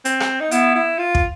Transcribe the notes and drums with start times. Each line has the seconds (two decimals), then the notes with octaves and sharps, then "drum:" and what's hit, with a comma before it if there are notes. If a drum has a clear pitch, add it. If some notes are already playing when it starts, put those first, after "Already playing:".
0.05 C4, drum: hi-hat
0.20 drum: rim click
0.40 D#4
0.51 B3 E4, drum: hi-hat
0.75 E4
0.99 F4
1.15 drum: kick